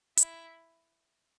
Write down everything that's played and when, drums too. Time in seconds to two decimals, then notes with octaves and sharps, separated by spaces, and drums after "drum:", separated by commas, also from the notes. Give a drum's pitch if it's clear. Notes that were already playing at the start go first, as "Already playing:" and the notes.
0.17 E4, drum: hi-hat